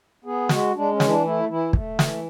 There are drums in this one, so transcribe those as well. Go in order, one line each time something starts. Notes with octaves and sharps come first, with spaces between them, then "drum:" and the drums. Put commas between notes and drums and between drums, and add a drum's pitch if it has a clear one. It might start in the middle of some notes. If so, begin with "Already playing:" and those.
B3 G#4
G#3 F#4, drum: snare
G#3 D4
C#4
E3, drum: snare
D4
A3 E4
E3 E4
A3, drum: kick
E3, drum: snare